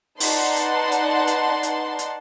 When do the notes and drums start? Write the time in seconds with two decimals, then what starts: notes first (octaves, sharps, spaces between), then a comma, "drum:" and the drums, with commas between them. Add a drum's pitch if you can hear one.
0.20 D#4 B4 D5 F#5 A5 C6, drum: open hi-hat
0.56 drum: hi-hat
0.92 drum: hi-hat
1.27 drum: hi-hat
1.63 drum: hi-hat
1.99 drum: hi-hat